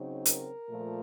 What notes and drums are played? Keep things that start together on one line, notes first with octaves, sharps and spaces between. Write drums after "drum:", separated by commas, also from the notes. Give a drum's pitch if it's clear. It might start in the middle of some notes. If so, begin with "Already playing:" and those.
Already playing: C#3 F#3 C4 D#4
A#4, drum: hi-hat
A#2 F3 A3